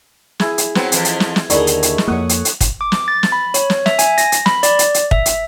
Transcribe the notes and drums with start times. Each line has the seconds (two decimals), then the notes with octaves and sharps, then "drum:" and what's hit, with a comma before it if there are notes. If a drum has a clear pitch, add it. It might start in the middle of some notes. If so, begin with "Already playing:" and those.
0.40 E4 G#4, drum: snare
0.58 drum: hi-hat
0.75 F#3 B3 C4, drum: snare
0.92 F2 E3 F3, drum: hi-hat
1.05 drum: hi-hat
1.20 drum: snare
1.36 drum: snare
1.50 D#2 D3 D#4 E4 G#4 C#5 D5, drum: hi-hat
1.67 drum: hi-hat
1.83 drum: hi-hat
1.98 drum: snare
2.08 F2 A#3 A4 C#5 F#5 D#6
2.29 drum: hi-hat
2.45 drum: hi-hat
2.61 drum: kick, hi-hat
2.81 D6
2.92 drum: snare
3.08 A6
3.23 drum: snare
3.32 B5
3.54 C#5, drum: hi-hat
3.70 drum: snare
3.86 E5, drum: snare
3.99 G#5, drum: hi-hat
4.18 A#6, drum: hi-hat
4.32 drum: hi-hat
4.46 B5, drum: snare
4.63 D5, drum: hi-hat
4.79 drum: hi-hat
4.94 drum: hi-hat
5.11 E5, drum: kick
5.26 drum: hi-hat